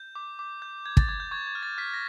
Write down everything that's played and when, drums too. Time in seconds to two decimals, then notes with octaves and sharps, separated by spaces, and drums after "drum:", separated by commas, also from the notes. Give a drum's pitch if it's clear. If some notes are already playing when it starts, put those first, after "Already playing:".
Already playing: G6
0.15 D6
0.39 D6
0.62 G6
0.85 G6 G#6
0.97 A6, drum: kick
1.08 D6 G#6
1.20 G6
1.31 C#6 G#6
1.47 G#6
1.55 F6
1.63 A6
1.78 F6 B6
1.94 A#6